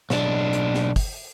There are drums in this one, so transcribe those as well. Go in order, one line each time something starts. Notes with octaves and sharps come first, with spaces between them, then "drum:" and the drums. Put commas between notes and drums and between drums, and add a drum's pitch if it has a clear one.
B1 D4, drum: snare
drum: hi-hat
drum: snare
drum: kick, open hi-hat